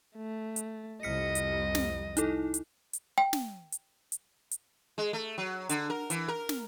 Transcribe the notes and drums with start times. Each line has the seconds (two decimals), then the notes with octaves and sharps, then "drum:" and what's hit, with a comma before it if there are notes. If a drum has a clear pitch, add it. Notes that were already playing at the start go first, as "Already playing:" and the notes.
0.17 A3
0.56 drum: hi-hat
1.03 C2 F2 G3 D#5 F6 B6 C#7
1.35 drum: hi-hat
1.75 drum: snare
2.17 D#4 E4 A4, drum: hi-hat
2.54 drum: hi-hat
2.93 drum: hi-hat
3.18 G5
3.33 drum: snare
3.72 drum: hi-hat
4.12 drum: hi-hat
4.51 drum: hi-hat
4.98 G#3
5.13 A3
5.38 F#3
5.69 D3, drum: hi-hat
5.90 A#4
6.10 E3, drum: hi-hat
6.28 A#4
6.49 drum: snare